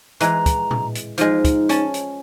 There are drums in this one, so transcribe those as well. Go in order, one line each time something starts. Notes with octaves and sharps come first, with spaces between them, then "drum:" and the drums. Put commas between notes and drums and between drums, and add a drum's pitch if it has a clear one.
E3 G#3 A#5, drum: hi-hat
drum: kick, hi-hat
drum: tom A2
drum: hi-hat
F3 G#3 D#4, drum: hi-hat
drum: kick, hi-hat
C#4 A5, drum: hi-hat
drum: hi-hat